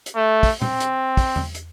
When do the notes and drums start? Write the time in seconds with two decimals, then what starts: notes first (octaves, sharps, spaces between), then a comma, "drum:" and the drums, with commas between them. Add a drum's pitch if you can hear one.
0.06 drum: hi-hat
0.16 A3
0.43 drum: kick, open hi-hat
0.62 C4, drum: tom A#2
0.80 drum: hi-hat
1.17 drum: kick, open hi-hat
1.36 drum: tom E2
1.55 drum: hi-hat